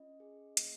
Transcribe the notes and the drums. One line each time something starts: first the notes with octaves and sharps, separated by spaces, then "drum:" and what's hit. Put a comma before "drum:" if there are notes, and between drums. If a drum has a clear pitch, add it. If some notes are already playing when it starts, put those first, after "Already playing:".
Already playing: C#4 F4 D#5
G#4
A#3, drum: hi-hat